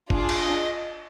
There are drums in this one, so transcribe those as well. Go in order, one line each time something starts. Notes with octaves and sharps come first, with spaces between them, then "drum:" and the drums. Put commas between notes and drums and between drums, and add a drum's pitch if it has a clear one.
D4 F4 G#4, drum: kick
drum: cymbal
D#5